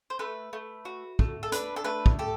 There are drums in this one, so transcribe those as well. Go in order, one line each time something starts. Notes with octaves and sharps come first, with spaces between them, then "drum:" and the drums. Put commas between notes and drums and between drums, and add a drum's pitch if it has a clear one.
C5
A3 B4
A3
F#4
A3, drum: kick
A4
D4 B4, drum: hi-hat
A4
A3 B4
drum: kick
G4 A4